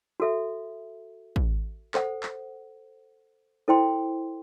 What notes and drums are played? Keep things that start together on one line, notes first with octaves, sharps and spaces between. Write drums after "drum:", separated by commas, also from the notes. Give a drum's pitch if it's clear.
F#4 A4 E5
drum: kick
A4 C5 F#5, drum: clap
drum: clap
E4 A4 C5 G5 C6